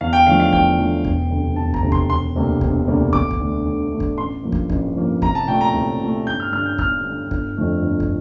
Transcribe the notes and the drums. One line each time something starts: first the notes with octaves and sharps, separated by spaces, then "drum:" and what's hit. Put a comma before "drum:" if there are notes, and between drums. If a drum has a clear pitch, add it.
E2 F5
G5
D3 F3 A3 F5
F5
E2 G5, drum: kick
D3 F3 A3
E1, drum: kick
D2 C3
E1 A5
A#5, drum: kick
D2 C3
C6, drum: kick
E1 C6
D2 C3 G3 A#3
E1, drum: kick
D2 C3 G3 A#3
D2 D6, drum: kick
drum: kick
D3 A3
D2
D3 A3
drum: kick
A1 C6
G2 F3 A#3
drum: kick
A1, drum: kick
G2 F3 A#3
C2 A#5, drum: kick
A5
A#2 A3 G5
A#5
C2
A#2 A3
G1 G6
F6
G2 D3 F6
G6
G1 F6, drum: kick
G2 D3
G1, drum: kick
F2 D3 F3 A3
G1
drum: kick